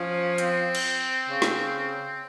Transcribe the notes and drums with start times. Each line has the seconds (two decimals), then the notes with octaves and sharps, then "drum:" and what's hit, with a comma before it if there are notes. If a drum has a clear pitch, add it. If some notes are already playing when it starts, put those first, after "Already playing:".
Already playing: F3 C#4
0.38 C4, drum: hi-hat
0.75 drum: cymbal
1.29 C#3
1.42 drum: snare